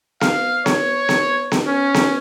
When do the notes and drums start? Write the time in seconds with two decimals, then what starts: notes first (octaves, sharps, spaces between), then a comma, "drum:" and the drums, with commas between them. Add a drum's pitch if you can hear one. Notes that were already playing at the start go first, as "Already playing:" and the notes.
0.21 F5, drum: snare B3
0.66 C#5, drum: snare B3
1.09 drum: snare B3
1.52 drum: snare B3
1.67 C#4
1.94 drum: snare B3